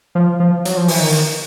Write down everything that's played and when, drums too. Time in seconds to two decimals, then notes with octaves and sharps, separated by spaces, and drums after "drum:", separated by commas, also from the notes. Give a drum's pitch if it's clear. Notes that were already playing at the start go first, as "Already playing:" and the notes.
0.15 F3
0.40 F3
0.65 F#3, drum: hi-hat
0.77 F3
0.88 E3, drum: open hi-hat
1.00 D#3
1.12 drum: hi-hat